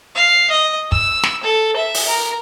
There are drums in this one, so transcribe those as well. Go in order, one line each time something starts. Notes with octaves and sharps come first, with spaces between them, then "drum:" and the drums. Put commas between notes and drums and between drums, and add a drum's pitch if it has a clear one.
F5
D#5
E6, drum: kick
drum: snare
A4
E5
drum: open hi-hat
A#4